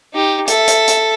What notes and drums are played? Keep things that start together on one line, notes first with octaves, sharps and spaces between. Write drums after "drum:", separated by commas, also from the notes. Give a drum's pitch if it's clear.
D#4 G4
A4 E5, drum: hi-hat
drum: hi-hat
drum: hi-hat